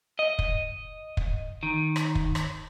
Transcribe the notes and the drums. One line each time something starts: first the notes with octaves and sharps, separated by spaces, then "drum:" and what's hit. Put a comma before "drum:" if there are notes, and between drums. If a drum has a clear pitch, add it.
D#5
drum: kick
drum: kick
D#3
drum: rim click
drum: kick
drum: rim click